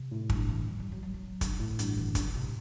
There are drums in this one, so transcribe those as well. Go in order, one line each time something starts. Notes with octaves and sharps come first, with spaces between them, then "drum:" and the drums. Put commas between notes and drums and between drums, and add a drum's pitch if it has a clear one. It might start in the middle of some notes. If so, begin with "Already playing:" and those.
Already playing: C3
A2
G2, drum: kick
E3
G3
G3
F#3
G3
F#3
G2, drum: kick, hi-hat
A2
G2 E3, drum: hi-hat
F#2 E3
G2 D3, drum: kick, hi-hat
A2 C3